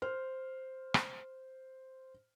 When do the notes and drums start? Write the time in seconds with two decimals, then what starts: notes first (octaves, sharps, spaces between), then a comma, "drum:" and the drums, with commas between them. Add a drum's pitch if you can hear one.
0.02 C5 F6
0.94 drum: rim click